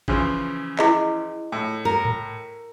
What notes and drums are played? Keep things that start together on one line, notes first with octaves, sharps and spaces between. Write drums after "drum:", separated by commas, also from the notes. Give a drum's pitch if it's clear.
C#3 E3 F3, drum: kick G1
E4 G#4 D#5, drum: clap
A2
A#4
drum: tom G#2